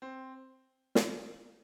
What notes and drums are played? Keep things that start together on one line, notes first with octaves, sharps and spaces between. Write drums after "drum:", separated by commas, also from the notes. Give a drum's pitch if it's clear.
C4
drum: snare